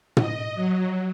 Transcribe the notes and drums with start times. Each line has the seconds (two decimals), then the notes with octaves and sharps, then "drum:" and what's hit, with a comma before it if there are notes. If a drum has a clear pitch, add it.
0.17 D#5, drum: tom
0.55 F#3